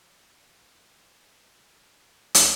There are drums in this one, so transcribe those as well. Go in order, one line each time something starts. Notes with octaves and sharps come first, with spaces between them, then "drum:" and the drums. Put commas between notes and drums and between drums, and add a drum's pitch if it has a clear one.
F5
F#5
G5
drum: hi-hat